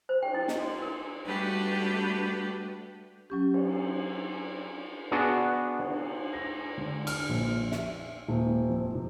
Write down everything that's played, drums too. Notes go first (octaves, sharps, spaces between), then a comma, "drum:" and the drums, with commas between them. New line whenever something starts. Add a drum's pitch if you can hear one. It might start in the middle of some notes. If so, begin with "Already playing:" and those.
C5
G5, drum: cymbal
E4
D#5, drum: snare
F#4
A#4
G3 A3 D4 F#4 G4 B4
F#3 C#4 G4
drum: cymbal
B3 D4 F#4 G#4
drum: cymbal
A#6
D3
F6, drum: cymbal
A#1
E5, drum: snare
D#1
F2
C3